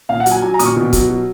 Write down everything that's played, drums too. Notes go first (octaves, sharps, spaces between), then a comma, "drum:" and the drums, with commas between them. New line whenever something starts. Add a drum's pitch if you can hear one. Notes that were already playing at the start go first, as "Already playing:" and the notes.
A#2 F5
F#5
F#3, drum: hi-hat
G#5
F#3 G#5
A#5
A#2 D#6, drum: hi-hat
C#6
B2
F#3, drum: kick, hi-hat
F#3